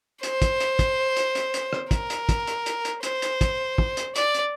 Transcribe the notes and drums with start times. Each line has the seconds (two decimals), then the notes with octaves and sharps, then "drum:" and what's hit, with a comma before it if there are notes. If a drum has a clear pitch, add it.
0.23 C5, drum: hi-hat
0.42 drum: kick, hi-hat
0.60 drum: hi-hat
0.79 drum: kick, hi-hat
1.16 drum: hi-hat
1.35 drum: hi-hat
1.54 drum: hi-hat
1.73 drum: rim click
1.91 A#4, drum: kick, hi-hat
2.10 drum: hi-hat
2.29 drum: kick, hi-hat
2.47 drum: hi-hat
2.66 drum: hi-hat
2.85 drum: hi-hat
3.03 C5, drum: hi-hat
3.22 drum: hi-hat
3.41 drum: kick, hi-hat
3.78 drum: kick
3.97 drum: hi-hat
4.16 D5, drum: hi-hat
4.34 drum: hi-hat